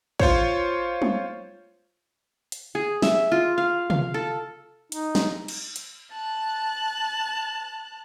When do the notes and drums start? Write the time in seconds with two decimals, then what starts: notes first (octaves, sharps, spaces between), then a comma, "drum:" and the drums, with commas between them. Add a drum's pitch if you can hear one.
0.20 F4 C5 C#5, drum: kick
1.02 drum: tom
2.52 drum: hi-hat
2.75 G#4
3.02 E5, drum: snare
3.32 F4
3.58 F5
3.90 F5, drum: tom
4.14 A4
4.92 D#4, drum: hi-hat
5.15 drum: snare
5.48 drum: cymbal
5.76 drum: hi-hat
6.12 A5 F#6